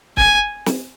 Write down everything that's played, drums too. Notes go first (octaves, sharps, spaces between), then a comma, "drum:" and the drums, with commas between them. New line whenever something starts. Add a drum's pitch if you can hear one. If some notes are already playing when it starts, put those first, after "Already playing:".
G#5, drum: kick
drum: snare